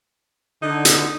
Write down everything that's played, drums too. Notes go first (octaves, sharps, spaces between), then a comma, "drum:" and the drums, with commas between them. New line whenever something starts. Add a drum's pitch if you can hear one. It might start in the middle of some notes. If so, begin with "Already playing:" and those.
D3 D#4
drum: hi-hat